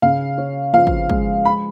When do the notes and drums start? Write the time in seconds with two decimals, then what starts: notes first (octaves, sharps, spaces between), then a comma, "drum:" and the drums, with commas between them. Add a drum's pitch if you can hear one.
0.02 C#3 F5
0.38 C#4
0.73 F3 F5
0.87 drum: kick
1.10 G#3, drum: kick
1.45 B5